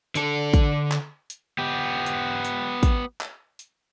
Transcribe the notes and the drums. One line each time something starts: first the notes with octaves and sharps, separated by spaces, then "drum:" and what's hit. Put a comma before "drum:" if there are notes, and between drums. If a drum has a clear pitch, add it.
D3 A4, drum: hi-hat
drum: kick, hi-hat
drum: clap
drum: hi-hat
B3 G4
drum: hi-hat
drum: hi-hat
drum: kick, hi-hat
drum: clap
drum: hi-hat